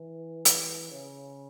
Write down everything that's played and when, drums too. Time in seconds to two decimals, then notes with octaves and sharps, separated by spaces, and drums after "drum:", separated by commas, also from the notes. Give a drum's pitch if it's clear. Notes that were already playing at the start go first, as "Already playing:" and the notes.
Already playing: E3
0.45 drum: hi-hat
0.91 C#3